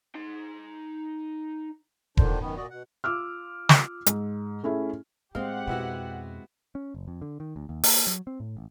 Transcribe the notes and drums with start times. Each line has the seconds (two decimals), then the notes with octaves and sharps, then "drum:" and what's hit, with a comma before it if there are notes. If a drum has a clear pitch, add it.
0.15 D#4 C6
2.17 A#2 D3 D#3 D4 C5, drum: kick E1
2.40 F#2 D#3 B3
2.57 A#2 F#4 D5 D#5
2.70 B2 F#5
3.04 F4 D6 E6 F6
3.69 drum: snare
4.06 G#2, drum: hi-hat
4.63 A3 C#4 E4 G#4
5.35 A2 G#3 C4 G4 F5 F#5
5.67 F2 B2 B3 E4 F#4
6.75 C#4
6.95 F#1
7.08 F2
7.22 D3
7.40 D#3
7.56 D2
7.69 D#2
7.83 A#3, drum: open hi-hat
8.07 F#3
8.27 C4
8.40 A2
8.57 A1